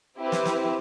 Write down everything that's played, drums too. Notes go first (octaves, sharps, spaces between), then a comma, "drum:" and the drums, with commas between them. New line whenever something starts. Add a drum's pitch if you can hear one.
C4 E4 G4 B4
drum: snare
drum: snare